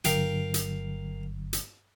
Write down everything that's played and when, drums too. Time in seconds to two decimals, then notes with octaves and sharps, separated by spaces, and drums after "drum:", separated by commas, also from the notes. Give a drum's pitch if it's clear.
0.04 G1 G2 D3 F#3 A#4 F5 G5, drum: hi-hat
0.54 drum: hi-hat
1.53 drum: hi-hat